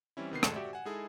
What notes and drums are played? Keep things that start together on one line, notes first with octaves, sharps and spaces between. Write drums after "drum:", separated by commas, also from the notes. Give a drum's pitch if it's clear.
E3 G3 C4 C#4 E4
C3 D#3 B3 C7
F2 G#3 A3 C#7 E7, drum: rim click
F#4 G4 D5 E5
F#5 G#5
G#3 D#4 E4 G#4 A4